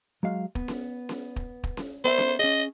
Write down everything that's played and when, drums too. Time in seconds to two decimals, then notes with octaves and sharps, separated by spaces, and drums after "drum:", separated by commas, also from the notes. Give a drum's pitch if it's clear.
0.23 F#3 G#3 F5
0.55 B3, drum: kick
0.68 drum: snare C#4
1.09 drum: snare C#4
1.36 drum: kick
1.64 drum: kick
1.77 drum: snare C#4
2.04 B3 C5 E5
2.18 drum: snare C#4
2.39 C#4 G#4 D#5